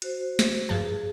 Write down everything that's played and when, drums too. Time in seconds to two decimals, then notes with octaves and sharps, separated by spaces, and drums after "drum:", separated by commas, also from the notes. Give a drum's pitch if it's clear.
0.02 F#4 C5, drum: hi-hat
0.39 drum: snare
0.69 G2 F3 G#4 A5